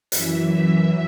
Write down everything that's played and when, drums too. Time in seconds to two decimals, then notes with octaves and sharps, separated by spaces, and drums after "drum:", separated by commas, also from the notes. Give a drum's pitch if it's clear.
0.12 F#2 E3 E5, drum: hi-hat
0.52 E5